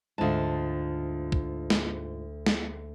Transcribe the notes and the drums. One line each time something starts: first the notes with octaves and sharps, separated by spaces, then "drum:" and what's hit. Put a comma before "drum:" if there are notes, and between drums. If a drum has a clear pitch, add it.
D2 G#2 F4 A5
drum: kick
drum: snare
drum: snare